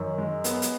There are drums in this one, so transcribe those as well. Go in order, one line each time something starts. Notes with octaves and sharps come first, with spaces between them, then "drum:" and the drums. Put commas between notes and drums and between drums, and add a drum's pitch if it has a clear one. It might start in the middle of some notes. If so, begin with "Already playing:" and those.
Already playing: F#2 D#3
G#3
B3, drum: hi-hat
drum: hi-hat